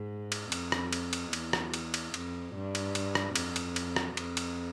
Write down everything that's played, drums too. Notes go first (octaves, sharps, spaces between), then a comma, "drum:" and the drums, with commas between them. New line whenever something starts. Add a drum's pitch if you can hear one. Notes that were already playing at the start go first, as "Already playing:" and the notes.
Already playing: G#2
drum: cymbal
F2, drum: cymbal
drum: rim click
drum: cymbal
drum: cymbal
E2, drum: cymbal
drum: rim click
drum: cymbal
drum: cymbal
F2, drum: cymbal
G2
drum: cymbal
drum: cymbal
drum: rim click
F2, drum: cymbal
drum: cymbal
drum: cymbal
drum: rim click
F2, drum: cymbal
drum: cymbal